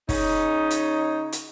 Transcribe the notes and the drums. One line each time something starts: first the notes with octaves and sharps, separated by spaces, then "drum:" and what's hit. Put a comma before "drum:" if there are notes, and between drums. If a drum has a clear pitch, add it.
C#3 C#4 D#4, drum: kick, open hi-hat
drum: hi-hat
drum: hi-hat